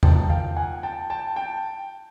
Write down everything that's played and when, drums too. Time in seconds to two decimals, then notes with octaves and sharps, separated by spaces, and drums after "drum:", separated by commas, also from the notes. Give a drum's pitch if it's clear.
0.03 F3 A#3 D#4 G5 A5, drum: tom E2
0.30 F5 G5
0.56 F#5 G#5
0.83 G5 A5
1.10 G5 A5
1.36 G5 A5